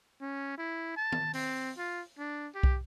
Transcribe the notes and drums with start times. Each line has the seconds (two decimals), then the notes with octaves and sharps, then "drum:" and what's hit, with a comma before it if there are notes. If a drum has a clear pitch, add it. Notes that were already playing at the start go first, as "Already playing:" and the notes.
0.21 C#4
0.58 E4
0.97 A5
1.12 drum: tom
1.33 C4, drum: open hi-hat
1.77 F4
2.18 D4
2.54 G4
2.63 drum: kick